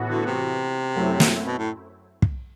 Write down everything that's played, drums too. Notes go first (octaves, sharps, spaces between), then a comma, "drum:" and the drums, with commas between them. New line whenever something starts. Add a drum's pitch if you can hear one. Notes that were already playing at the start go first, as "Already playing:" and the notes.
Already playing: A2 E3 B3 F#4
D3
C3
F#2 F#3 A3 C4 E4
drum: snare
B2
A2
drum: kick